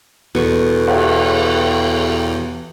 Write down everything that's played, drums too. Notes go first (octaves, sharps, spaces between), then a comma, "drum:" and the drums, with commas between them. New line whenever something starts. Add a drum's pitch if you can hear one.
E2 B2 A4 C#6
drum: cymbal